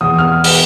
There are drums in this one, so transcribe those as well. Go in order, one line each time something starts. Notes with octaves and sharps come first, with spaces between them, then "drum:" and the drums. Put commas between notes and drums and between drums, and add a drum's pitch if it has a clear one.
E2 D#6
F6
drum: open hi-hat